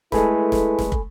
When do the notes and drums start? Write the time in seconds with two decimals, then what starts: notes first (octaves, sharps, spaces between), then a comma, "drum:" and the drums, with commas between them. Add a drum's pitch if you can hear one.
0.12 G#3 A3 E4 A4 B4 G#5 B5, drum: snare
0.52 drum: snare
0.79 drum: snare
0.92 drum: kick